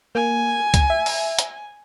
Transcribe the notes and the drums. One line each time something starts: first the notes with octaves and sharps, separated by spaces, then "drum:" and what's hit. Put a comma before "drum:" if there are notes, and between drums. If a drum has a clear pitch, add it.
A#3 G#5
drum: kick, hi-hat
E5
drum: open hi-hat
drum: hi-hat